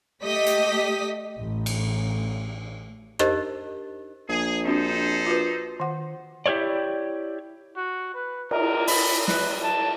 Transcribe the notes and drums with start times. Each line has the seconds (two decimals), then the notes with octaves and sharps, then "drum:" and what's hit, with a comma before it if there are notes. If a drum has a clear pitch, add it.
0.23 A3 G4 D#5 B6
0.46 drum: hi-hat
1.39 A1
1.66 drum: cymbal
3.19 D4 D#4 G4 A#4 C5 D#5, drum: rim click
4.29 A#1 G#4
4.65 C4 D4 D#4 F#4 A4 C5
5.26 F4 F#4 B4
5.80 D#3 F#5
6.46 E4 G4 A#4 C#5 D5
7.76 F#4
8.14 B4
8.51 A#4, drum: cymbal
8.87 B5, drum: open hi-hat
9.28 B4, drum: snare
9.63 A5